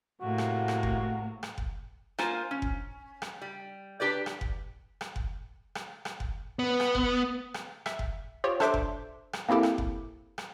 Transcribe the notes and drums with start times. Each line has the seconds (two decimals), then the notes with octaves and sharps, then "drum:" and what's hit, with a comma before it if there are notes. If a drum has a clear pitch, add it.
0.21 A2 C3 A#3 F#4
0.38 drum: rim click
0.68 drum: rim click
0.83 drum: kick F#1
1.43 drum: rim click
1.58 drum: kick F#1
2.18 A#3 F4 C5 G#5, drum: rim click
2.51 C#4
2.62 drum: kick F#1
3.22 drum: rim click
3.42 G3
4.00 D4 G4 B4 D5
4.26 drum: rim click
4.41 drum: kick F#1
5.01 drum: rim click
5.16 drum: kick F#1
5.75 drum: rim click
6.05 drum: rim click
6.20 drum: kick F#1
6.59 B3
6.80 drum: rim click
6.95 drum: kick F#1
7.54 drum: rim click
7.86 E5, drum: rim click
7.99 drum: kick F#1
8.44 F4 G4 C5 C#5
8.60 D4 A4 C5 E5 C6 D6, drum: rim click
8.74 drum: kick F#1
9.33 drum: rim click
9.49 A#3 C4 E4 G4 A4
9.63 drum: rim click
9.78 drum: kick F#1
10.38 drum: rim click